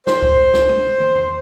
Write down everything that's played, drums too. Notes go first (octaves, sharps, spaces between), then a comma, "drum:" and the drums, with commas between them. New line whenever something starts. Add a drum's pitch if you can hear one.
C5, drum: snare
drum: kick C#2
drum: snare
drum: tom
drum: tom
drum: tom E2